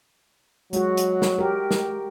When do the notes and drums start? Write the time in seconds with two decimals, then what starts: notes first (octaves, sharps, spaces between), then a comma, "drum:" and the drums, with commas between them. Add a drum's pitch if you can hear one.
0.73 F#3 G#3 F#4, drum: hi-hat
0.97 drum: hi-hat
1.22 drum: snare
1.39 G4 A#4
1.71 drum: snare